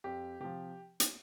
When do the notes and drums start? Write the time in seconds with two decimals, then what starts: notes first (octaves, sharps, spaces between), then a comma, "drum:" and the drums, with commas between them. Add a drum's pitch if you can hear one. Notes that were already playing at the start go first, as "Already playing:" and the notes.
0.04 F2 G4
0.40 C3 F3 G4
1.00 drum: hi-hat